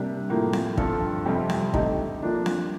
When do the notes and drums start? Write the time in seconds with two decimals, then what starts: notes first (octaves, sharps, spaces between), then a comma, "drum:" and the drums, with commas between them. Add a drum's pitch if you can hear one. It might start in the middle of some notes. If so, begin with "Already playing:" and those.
Already playing: C3 G3 A#3 D4 G4
0.30 A2 F3 A#3
0.53 drum: snare C4
0.77 G2 F3 C4 F4 A4, drum: kick
1.25 F2 C3 G3 C4
1.50 drum: snare C4
1.74 D3 A3 D#4 G4, drum: kick
2.22 F3 A#3 D4
2.46 drum: snare C4